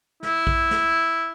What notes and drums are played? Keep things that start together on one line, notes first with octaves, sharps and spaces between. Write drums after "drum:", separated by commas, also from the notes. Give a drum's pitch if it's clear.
E4, drum: snare
drum: kick A#1
drum: snare